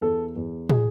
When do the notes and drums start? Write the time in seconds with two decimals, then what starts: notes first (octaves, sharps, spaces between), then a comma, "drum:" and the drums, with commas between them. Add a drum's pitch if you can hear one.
0.01 E2 A4
0.36 E2
0.70 G#4, drum: tom